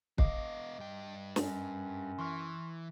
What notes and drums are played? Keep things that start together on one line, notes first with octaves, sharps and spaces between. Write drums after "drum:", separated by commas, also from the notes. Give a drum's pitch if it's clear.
B3 D#5 F5 D6, drum: kick
G2 G5
F#2, drum: snare
E3 C6 C#6 F6